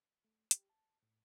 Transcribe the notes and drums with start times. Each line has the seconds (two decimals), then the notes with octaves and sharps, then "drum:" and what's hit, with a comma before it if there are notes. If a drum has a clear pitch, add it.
0.24 A3
0.51 G4, drum: hi-hat
0.70 A5
1.03 A2